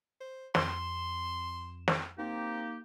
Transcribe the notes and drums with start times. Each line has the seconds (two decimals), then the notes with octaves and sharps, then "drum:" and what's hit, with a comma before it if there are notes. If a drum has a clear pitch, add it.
0.20 C5
0.55 F2 C6 E7, drum: snare
1.88 drum: snare
2.18 A#3 C4 D#4 G4